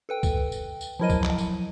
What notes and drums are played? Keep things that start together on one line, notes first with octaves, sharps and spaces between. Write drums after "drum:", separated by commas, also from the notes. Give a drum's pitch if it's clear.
A4 B4 G5
drum: kick, tambourine
drum: tambourine
drum: tambourine
F3 F#3 E4 A#4 D#5 D#7
drum: kick, tambourine
drum: clap
drum: tambourine